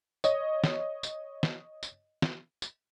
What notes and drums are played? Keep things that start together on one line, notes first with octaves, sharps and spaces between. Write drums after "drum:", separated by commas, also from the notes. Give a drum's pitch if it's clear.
C#5 D#5, drum: tambourine
drum: snare
drum: tambourine
drum: snare
drum: tambourine
drum: snare
drum: tambourine